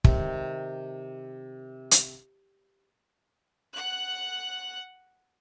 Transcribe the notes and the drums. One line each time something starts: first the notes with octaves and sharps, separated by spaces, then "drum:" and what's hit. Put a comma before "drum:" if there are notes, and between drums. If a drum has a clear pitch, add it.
C3 D#3 C4, drum: kick
drum: hi-hat
F#5 F#6